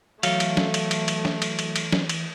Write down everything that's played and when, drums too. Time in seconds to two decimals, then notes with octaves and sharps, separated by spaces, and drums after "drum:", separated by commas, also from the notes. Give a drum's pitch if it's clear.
0.23 E3 F#3 A3 A4 F5, drum: cymbal
0.40 drum: cymbal
0.57 drum: snare
0.74 drum: cymbal
0.91 drum: cymbal
1.08 drum: cymbal
1.25 drum: snare
1.42 drum: cymbal
1.59 drum: cymbal
1.76 drum: cymbal
1.93 drum: snare
2.09 drum: cymbal